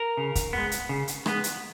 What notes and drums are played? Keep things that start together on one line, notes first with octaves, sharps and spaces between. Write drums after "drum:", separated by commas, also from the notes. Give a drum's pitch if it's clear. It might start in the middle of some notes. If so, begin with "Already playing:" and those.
Already playing: A#4
C#3
drum: kick, hi-hat
G#3 B3
drum: hi-hat
C#3
drum: hi-hat
G#3 B3, drum: rim click
drum: hi-hat